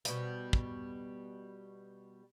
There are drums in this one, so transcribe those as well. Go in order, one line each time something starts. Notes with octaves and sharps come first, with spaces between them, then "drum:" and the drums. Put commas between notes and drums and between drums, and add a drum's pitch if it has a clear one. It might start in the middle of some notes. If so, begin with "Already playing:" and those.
B2 G3, drum: hi-hat
drum: kick